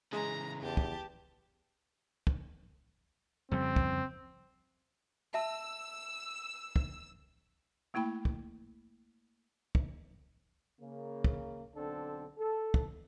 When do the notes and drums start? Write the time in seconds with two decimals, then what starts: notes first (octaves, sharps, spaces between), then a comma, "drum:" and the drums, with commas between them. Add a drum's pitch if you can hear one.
0.12 C#3 E3 G#3 A#5
0.62 E2 G4 A5
0.77 drum: kick
2.27 drum: kick
3.51 F2 C#3 G3 C4
3.76 drum: kick
5.34 E5 A5 E6
6.76 drum: kick
7.94 A3 A#3 E4 G5 B5
8.25 drum: kick
9.75 drum: kick
10.80 C#3 A#3
11.24 drum: kick
11.75 B1 D3 C4 D4 A4
12.38 A4
12.74 drum: kick